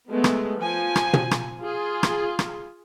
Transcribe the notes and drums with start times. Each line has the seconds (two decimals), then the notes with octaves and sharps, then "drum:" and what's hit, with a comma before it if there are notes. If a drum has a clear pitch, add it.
0.10 G#3 A3 B3
0.24 drum: rim click
0.60 F3 G#5
0.96 drum: rim click
1.13 drum: tom
1.31 drum: rim click
1.61 F4 G#4
2.03 drum: rim click
2.39 drum: rim click